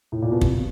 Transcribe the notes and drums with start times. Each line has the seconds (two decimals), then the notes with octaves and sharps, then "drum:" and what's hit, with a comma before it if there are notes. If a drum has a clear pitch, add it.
0.12 A2
0.22 A#2
0.32 B2
0.41 C3, drum: kick